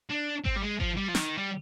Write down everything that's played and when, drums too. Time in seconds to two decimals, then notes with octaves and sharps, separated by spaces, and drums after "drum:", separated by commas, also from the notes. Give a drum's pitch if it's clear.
0.10 D4
0.45 C4, drum: kick G#1
0.57 G3
0.63 G#3
0.80 F3, drum: kick G#1
0.97 G3
1.09 F3
1.15 D#3, drum: snare
1.38 G3